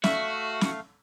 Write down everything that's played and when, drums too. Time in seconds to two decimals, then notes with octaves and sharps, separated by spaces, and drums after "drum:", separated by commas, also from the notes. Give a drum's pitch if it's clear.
0.04 A3 F#4 E5 F5, drum: snare
0.61 drum: snare